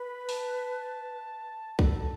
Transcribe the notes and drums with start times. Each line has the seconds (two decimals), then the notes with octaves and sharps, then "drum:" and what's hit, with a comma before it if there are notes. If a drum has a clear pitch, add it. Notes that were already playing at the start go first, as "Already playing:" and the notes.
Already playing: B4 B5
0.29 A5, drum: open hi-hat
1.79 A4 A5, drum: kick B1